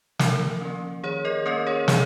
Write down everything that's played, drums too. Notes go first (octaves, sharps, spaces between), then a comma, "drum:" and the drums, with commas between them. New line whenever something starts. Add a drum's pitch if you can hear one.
F3 A#4, drum: snare
A#3 C#4
D#3 G#4 C#5
A#4 D#5
A#3 C#4 A#4 D#5
G#4 C#5
F3 G#4 C#5, drum: snare